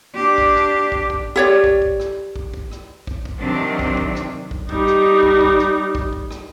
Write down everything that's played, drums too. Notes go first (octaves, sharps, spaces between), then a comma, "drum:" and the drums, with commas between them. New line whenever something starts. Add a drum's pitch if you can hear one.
D4 G4
drum: kick
drum: rim click
drum: kick
drum: kick
G4 C#5 D5
drum: kick
drum: kick
drum: rim click
drum: kick
drum: kick
drum: rim click
drum: kick
drum: kick
C3 D#3 E3 F#3 C4 D4
drum: kick
drum: kick
drum: rim click
drum: kick
G3 D#4, drum: kick
drum: rim click
drum: kick
drum: kick
drum: rim click
drum: kick
drum: kick
drum: rim click